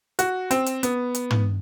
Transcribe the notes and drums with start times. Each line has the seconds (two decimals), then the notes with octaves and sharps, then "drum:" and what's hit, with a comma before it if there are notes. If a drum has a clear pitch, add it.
0.19 F#4, drum: hi-hat
0.51 C4, drum: hi-hat
0.66 drum: hi-hat
0.83 B3, drum: hi-hat
1.14 drum: hi-hat
1.31 drum: tom